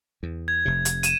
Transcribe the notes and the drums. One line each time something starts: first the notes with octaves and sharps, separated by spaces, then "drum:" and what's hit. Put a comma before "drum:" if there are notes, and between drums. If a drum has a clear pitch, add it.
E2
G#6
F1 C3
drum: hi-hat
D#7 E7, drum: hi-hat